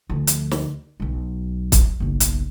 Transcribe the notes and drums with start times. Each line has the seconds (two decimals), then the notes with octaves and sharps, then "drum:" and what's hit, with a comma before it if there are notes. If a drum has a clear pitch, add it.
0.10 D2 F3
0.27 drum: hi-hat
0.51 drum: snare
1.00 B1 F#3
1.72 drum: kick, hi-hat
2.00 F#1 B1
2.20 drum: hi-hat